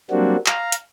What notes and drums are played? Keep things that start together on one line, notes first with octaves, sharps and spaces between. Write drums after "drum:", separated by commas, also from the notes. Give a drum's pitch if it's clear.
F#3 G3 A#3 C4 D4 F#4
F5 A#5, drum: clap
drum: hi-hat